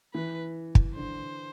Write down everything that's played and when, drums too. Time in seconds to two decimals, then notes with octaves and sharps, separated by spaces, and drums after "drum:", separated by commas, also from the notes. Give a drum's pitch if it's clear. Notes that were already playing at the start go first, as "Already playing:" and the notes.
0.14 E3 B4
0.75 drum: kick
0.95 D3 C5